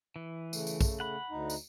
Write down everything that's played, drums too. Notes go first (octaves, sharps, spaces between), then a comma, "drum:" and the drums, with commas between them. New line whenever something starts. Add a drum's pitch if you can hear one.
E3
C#3 A3, drum: tambourine
drum: tambourine
drum: kick A#1, tambourine
F#5 B5
D2 D#4
drum: tambourine